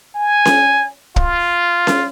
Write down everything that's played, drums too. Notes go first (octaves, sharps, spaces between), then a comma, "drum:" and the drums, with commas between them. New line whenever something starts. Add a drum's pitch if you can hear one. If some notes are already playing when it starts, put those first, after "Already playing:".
G#5
drum: snare C#4
F4, drum: kick
drum: snare C#4